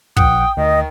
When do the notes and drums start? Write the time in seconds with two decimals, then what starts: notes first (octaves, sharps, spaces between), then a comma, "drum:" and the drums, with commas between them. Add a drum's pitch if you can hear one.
0.17 A#1 F#5 G5 D#6, drum: kick
0.57 D2 D#3 D#5